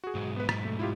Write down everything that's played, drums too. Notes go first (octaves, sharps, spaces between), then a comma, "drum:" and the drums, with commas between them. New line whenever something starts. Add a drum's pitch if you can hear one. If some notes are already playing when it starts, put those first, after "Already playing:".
F#4 G#4
B1 G#2
B3 B4
B6, drum: rim click
A3
E4 F4 G4